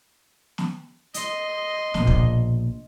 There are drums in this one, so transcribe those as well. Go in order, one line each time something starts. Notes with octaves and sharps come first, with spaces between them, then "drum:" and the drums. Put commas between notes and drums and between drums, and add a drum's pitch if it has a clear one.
drum: snare
D#5 C6, drum: hi-hat
A#1 B2, drum: snare
drum: kick